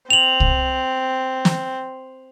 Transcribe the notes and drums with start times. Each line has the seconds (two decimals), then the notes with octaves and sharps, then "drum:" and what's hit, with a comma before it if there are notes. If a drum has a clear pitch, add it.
0.10 C4 F7 F#7
0.40 drum: kick C2
1.45 drum: snare